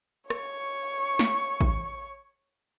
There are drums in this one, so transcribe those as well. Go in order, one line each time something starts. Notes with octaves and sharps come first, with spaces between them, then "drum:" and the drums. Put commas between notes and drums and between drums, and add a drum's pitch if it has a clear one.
C#5 C#6, drum: rim click
drum: snare
drum: kick A1